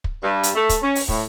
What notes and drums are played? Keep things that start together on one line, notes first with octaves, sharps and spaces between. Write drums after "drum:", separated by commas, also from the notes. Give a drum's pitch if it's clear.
drum: kick
G2
drum: hi-hat
A3
drum: kick, hi-hat
C#4
drum: open hi-hat
A2, drum: kick